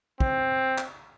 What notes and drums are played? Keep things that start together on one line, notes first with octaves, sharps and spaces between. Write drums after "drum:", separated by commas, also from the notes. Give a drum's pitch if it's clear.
C4, drum: kick
drum: clap